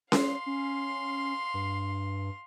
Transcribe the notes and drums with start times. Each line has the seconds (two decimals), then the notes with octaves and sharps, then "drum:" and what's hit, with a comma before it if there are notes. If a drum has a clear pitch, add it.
0.12 F5 C6, drum: snare C#4
0.46 C#4
1.54 G2